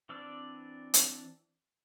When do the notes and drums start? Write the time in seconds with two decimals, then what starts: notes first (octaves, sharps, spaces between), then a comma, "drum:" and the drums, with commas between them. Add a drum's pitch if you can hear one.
0.09 E3 C4 D4 D5 E6
0.94 drum: hi-hat